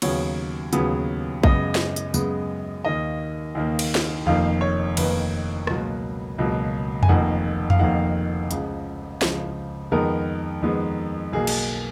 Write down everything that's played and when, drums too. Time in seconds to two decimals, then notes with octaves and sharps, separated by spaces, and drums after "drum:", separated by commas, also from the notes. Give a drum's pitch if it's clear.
0.02 D#2 C#3 F#3 B3 C#5, drum: cymbal
0.73 D#2 C#3 F#3 B3, drum: hi-hat
1.43 F#2 C#3 G#3 B3 D#5, drum: kick A#1
1.75 drum: snare
1.96 drum: hi-hat
2.14 F#2 C#3 G#3 B3, drum: tambourine
2.85 D#2 D#3 A#3 D#5
3.55 D#2 D#3 A#3
3.79 drum: cymbal
3.95 drum: snare
4.26 F1 F2 D#3 A#3 F5
4.61 C#5
4.97 F1 F2 D#3 A#3 B4, drum: cymbal
5.67 C#2 B2 F#3 A#3, drum: rim click
6.38 C#2 B2 F#3 A#3
7.03 G#5, drum: tom F2
7.09 F1 F2 D#3 A#3 F#5
7.70 F5, drum: tom F2
7.79 F1 F2 D#3 A#3 F#5
8.51 C#2 C#3 F3, drum: hi-hat
9.22 C#2 C#3 F3, drum: snare
9.91 F2 D#3 G#3 B3 A#4
10.62 F2 D#3 G#3 B3
11.33 B1 B2 A#3 G#4
11.47 drum: cymbal